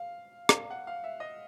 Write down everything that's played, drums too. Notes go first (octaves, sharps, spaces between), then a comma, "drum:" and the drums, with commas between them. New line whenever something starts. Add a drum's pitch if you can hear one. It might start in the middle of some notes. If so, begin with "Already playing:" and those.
Already playing: F5
drum: rim click
F#5
F5
E5
D#5